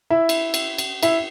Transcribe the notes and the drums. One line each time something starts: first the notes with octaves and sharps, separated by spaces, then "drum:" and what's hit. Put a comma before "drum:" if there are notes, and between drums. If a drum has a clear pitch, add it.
E4 E5
drum: cymbal
drum: cymbal
drum: cymbal
E4 E5, drum: cymbal